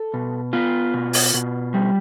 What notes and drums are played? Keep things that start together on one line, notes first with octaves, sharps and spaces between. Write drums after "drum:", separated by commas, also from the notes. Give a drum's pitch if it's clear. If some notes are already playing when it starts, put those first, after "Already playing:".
Already playing: A4
B2
B3 F4
B2
drum: open hi-hat
B2
G3